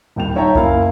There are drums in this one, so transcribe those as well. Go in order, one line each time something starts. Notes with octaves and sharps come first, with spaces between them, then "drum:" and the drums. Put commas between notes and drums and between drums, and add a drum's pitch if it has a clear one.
D#1 C2 G5 F7
D#4 C#5 E5 G5 A5 A#5
F#1 A#3 E4 F5 G#5, drum: kick C2